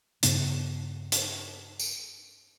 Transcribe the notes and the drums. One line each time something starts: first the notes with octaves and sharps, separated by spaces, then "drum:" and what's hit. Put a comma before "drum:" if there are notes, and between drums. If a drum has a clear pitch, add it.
G2 C#3 B3 D4, drum: hi-hat
drum: hi-hat
drum: tambourine